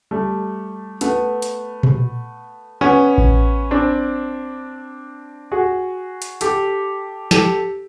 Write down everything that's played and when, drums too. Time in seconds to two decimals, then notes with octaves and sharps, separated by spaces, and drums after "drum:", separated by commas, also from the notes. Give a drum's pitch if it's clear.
0.11 G3 A3
1.01 A3 B3, drum: hi-hat
1.42 drum: hi-hat
1.83 drum: tom A#2
2.81 B3 C#4
3.18 drum: kick A1
3.71 C4 D4
5.52 F#4 G#4
6.22 drum: hi-hat
6.41 G4 A4, drum: hi-hat
7.31 G4 A4, drum: snare